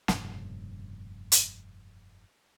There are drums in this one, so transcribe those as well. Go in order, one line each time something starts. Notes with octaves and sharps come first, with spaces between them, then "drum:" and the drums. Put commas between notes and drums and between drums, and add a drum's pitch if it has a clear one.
F1 G2 A#2 C#3, drum: snare
drum: hi-hat